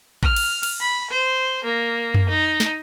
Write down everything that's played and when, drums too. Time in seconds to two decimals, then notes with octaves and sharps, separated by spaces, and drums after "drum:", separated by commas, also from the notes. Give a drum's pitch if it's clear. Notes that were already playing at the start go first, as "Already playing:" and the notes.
0.23 F6, drum: kick
0.36 drum: cymbal
0.63 drum: cymbal
0.80 B5
1.10 C5
1.64 A#3
2.14 drum: tom F#2
2.29 D#4
2.60 drum: snare